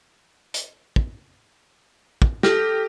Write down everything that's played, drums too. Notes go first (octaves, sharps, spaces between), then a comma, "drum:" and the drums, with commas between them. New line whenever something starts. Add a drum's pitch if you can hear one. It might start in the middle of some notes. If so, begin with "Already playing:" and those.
drum: hi-hat
drum: kick
drum: kick
G4 A4 F6 A#6, drum: snare